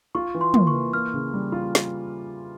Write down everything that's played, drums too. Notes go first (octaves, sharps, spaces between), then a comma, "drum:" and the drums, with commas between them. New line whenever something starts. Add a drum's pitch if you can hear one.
F4 C#6
E3
C6
A#3, drum: tom
C#6
E3
A#3 F6
C#3
G3
F4
drum: snare